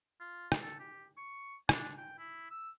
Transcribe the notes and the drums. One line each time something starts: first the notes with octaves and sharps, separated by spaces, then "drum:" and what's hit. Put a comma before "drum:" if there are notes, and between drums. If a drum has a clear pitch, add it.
F4
drum: rim click
A4
G4
C#6
D4, drum: rim click
G5
E4
E6